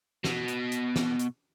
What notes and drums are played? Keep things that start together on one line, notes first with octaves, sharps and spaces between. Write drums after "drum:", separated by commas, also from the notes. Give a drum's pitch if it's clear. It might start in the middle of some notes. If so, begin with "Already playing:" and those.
B2, drum: snare
drum: hi-hat
drum: hi-hat
drum: snare
drum: hi-hat